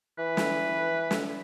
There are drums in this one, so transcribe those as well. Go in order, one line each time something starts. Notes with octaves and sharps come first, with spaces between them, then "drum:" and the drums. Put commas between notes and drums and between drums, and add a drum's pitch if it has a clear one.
E3 B4
drum: snare
drum: snare